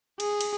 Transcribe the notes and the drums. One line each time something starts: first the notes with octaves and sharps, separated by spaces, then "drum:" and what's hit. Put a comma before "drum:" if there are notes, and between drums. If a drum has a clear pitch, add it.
G#4, drum: cymbal
drum: cymbal